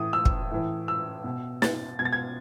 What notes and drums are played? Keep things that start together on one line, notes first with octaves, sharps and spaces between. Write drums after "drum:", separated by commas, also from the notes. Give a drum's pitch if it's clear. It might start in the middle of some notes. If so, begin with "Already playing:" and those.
Already playing: A2 E3 D#6
E6
drum: kick
A2 E3
E6
B2
A6, drum: snare
B2 G#6
A6
G#6